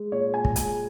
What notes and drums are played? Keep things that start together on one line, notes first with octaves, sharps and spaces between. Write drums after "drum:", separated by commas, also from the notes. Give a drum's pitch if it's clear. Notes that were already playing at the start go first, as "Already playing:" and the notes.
Already playing: G#3
A#2 C#5
A#2 G#5
drum: kick
G#3 G#5, drum: hi-hat